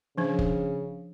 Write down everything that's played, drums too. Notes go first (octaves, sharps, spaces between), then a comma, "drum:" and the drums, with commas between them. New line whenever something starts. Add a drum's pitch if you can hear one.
C#3 F3 D4
drum: kick